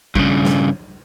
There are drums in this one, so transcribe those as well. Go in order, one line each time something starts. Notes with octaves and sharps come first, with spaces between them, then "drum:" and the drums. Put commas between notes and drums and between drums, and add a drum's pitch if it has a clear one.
G2 C#3, drum: kick
drum: snare